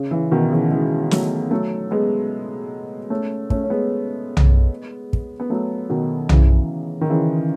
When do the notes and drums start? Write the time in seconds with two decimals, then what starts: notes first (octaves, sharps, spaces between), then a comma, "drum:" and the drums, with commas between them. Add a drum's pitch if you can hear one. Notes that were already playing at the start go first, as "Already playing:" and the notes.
Already playing: C#3
0.11 C#3 E3
0.31 B2 D#3
0.51 C#3 E3
0.71 E3 G#3
1.11 F#3 A3, drum: snare
1.51 F#3 A3
1.91 G#3 B3
3.10 A3 C#4
3.50 A3 C#4, drum: kick
3.64 C#4
3.70 G#3 B3
4.37 drum: tom B1
5.13 drum: kick
5.40 B3
5.50 F#3 A3
5.89 B2 D#3
6.29 C#3 E3, drum: tom B1
7.01 D#3
7.10 C#3 E3